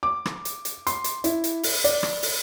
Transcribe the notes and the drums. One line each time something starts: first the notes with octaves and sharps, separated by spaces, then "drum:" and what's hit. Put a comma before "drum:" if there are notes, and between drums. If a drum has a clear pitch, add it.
D6
drum: rim click
drum: hi-hat
drum: hi-hat
C6, drum: hi-hat
drum: hi-hat
E4, drum: hi-hat
drum: hi-hat
drum: open hi-hat
D5, drum: hi-hat
drum: rim click
drum: open hi-hat